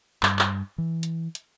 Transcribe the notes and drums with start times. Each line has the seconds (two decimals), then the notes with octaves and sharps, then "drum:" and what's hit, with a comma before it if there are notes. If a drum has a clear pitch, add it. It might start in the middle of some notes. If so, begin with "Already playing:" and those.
0.23 G2, drum: clap
0.39 drum: clap
0.78 E3
1.03 drum: hi-hat
1.35 drum: hi-hat